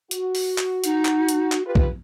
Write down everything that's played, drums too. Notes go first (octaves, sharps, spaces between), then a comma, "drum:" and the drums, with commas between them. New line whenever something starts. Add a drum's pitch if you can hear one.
F#4, drum: hi-hat
drum: open hi-hat
drum: clap
D#4, drum: hi-hat
drum: clap
drum: hi-hat
drum: clap
F4 G4 B4
drum: kick